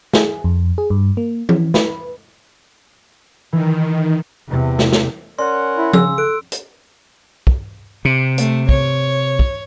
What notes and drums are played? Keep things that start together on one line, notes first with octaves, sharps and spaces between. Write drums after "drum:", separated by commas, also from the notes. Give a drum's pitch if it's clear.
G#4, drum: snare
F2
G#4
G2
A#3
E3, drum: tom F3
B4, drum: snare
D#3 E3
E2 C3
drum: snare
drum: snare
C#4 A#4 D5 F#5 C6
E4
C#3 G#5 E6, drum: tom F3
A4 F#6 D7
drum: hi-hat
drum: kick
C3
A3, drum: hi-hat
C#5, drum: kick
drum: kick